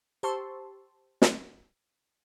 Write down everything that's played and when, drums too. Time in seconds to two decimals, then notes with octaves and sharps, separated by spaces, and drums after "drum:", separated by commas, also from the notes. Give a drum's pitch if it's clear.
0.23 G4 C5 A5 C6 C#6 E6
1.22 drum: snare